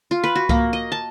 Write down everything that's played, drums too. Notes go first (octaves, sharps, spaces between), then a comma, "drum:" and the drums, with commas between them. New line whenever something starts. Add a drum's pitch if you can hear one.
F4
B4
F#4
A#3, drum: kick C2
D#5
A5